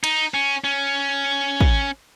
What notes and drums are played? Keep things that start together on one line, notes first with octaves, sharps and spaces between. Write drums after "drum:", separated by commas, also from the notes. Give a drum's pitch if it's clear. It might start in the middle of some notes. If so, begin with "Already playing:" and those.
D#4, drum: cymbal
C#4
C#4
drum: kick